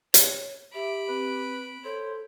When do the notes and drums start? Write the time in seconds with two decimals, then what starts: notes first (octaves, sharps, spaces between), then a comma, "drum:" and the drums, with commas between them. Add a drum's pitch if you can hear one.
0.14 C#5, drum: hi-hat
0.74 G4 E5 B5 D7
1.08 C4 B4
1.84 A4 C5 C#5